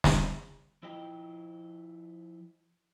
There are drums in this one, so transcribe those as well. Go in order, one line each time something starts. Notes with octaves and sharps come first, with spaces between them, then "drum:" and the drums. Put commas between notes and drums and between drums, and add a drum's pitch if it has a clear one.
drum: snare
F3 E4 F4 D#5 G5